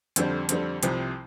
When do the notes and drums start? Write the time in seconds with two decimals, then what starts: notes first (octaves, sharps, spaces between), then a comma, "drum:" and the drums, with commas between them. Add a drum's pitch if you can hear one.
0.16 F2 D3 G3 C4, drum: hi-hat
0.49 F2 D3 G3 C4, drum: hi-hat
0.83 C2 C3 F3, drum: hi-hat